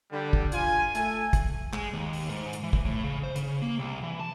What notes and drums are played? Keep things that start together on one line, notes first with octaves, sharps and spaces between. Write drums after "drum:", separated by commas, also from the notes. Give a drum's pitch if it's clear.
D3 G3
drum: kick
F4 G#5, drum: hi-hat
A3 A4 G#5, drum: hi-hat
drum: kick, hi-hat
G#3, drum: clap
D#2
drum: open hi-hat
G#2
drum: hi-hat
E3
drum: kick
A2
C#3
C5
C#3, drum: hi-hat
A#3
C2
E3
A5